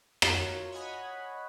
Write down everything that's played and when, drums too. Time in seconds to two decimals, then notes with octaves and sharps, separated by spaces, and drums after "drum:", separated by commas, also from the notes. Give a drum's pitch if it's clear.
0.22 F4 F#4 A#4 C#5, drum: rim click
0.72 C#5 D#5 F#5 G#5 B5